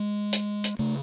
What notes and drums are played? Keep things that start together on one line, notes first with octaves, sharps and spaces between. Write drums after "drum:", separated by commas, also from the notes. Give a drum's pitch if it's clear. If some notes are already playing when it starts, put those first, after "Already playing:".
Already playing: G#3
drum: hi-hat
drum: hi-hat
C#3 A3